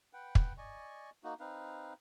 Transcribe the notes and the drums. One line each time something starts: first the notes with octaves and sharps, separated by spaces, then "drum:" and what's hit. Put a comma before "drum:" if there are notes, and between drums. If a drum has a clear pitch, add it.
B4 F#5 G5
drum: kick
D5 D#5 G#5 C#6
A#3 D#4 F#4
C4 D#4 B4 F5